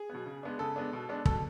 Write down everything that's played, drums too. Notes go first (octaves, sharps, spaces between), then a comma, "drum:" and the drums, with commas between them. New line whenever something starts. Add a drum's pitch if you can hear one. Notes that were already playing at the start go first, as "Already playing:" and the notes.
Already playing: G#4
B2 F#3 B3
C#3
G#3 B3 D4
C#3 A4
G#3 B3 D4
B2
G#3 B3 D4
B2 A4, drum: kick